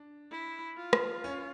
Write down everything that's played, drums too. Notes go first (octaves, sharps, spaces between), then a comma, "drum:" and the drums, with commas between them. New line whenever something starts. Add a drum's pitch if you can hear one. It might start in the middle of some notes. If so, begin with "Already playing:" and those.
Already playing: D4
E4
F4
drum: rim click
C#4